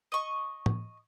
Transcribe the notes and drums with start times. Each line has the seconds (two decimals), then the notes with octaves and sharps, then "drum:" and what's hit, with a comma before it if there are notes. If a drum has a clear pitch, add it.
0.12 D#5 C#6
0.66 drum: tom